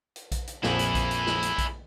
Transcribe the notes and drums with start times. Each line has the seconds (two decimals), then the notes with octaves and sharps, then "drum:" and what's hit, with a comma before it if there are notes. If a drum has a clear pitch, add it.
0.16 drum: hi-hat
0.32 drum: kick A#1, hi-hat
0.47 drum: hi-hat
0.63 A#1 F2 F3 E4 G#4, drum: snare
0.79 drum: hi-hat
0.95 drum: kick A#1, hi-hat
1.11 drum: hi-hat
1.27 drum: snare
1.42 drum: hi-hat
1.58 drum: kick A#1, hi-hat